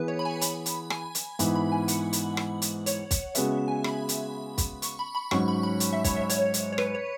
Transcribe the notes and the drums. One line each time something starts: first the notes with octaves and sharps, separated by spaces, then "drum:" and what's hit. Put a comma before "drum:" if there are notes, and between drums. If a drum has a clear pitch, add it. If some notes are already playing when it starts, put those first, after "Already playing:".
Already playing: E3 B3 G#4 B4
C#5
B5
G#5
B5, drum: hi-hat
drum: hi-hat
G#5, drum: rim click
drum: hi-hat
G#2 E3 B3 B5, drum: hi-hat
B5
G#5
F#5, drum: hi-hat
drum: hi-hat
drum: rim click
drum: hi-hat
C#5, drum: hi-hat
drum: kick, hi-hat
C#3 G#3 B3 F#4 B4 E5, drum: hi-hat
G#5
B5, drum: rim click
drum: hi-hat
drum: kick, hi-hat
C#6, drum: hi-hat
B5
B5
G#2 F#3 C#4 C#6, drum: rim click
B5
B5
drum: hi-hat
E5
C#5, drum: kick, hi-hat
E5
C#5, drum: hi-hat
drum: hi-hat
C#5
B4, drum: rim click
C#5